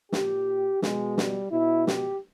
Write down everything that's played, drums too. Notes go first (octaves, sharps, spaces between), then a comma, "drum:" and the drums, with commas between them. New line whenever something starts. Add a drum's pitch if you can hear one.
A#2 G4, drum: snare
B2 G#3, drum: snare
G3, drum: snare
B2 E4
G4, drum: snare